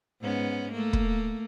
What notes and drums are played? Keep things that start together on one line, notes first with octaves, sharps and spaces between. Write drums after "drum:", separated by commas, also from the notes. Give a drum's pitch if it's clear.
G#2 B3 C#4
A3 A#3
drum: kick